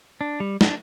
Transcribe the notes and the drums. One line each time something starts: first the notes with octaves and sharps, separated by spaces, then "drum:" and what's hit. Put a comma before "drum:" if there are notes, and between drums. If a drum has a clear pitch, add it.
D4
G3
D4, drum: snare